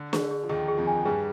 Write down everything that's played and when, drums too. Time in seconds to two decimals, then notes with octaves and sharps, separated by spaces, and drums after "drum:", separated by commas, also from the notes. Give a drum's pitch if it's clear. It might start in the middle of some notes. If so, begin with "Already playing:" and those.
Already playing: D3
0.13 G#4, drum: snare
0.31 G#4
0.43 F3
0.49 D#2 D#3 G#4
0.68 G#4
0.77 F2 F3
0.87 G#5
1.05 G2 G3 G#4